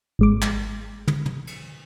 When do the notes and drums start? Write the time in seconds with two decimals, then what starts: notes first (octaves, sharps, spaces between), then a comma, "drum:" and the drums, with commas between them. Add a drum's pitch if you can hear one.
0.19 G#1 G#3 D6
0.42 drum: clap
1.08 drum: tom
1.26 drum: tom
1.47 drum: cymbal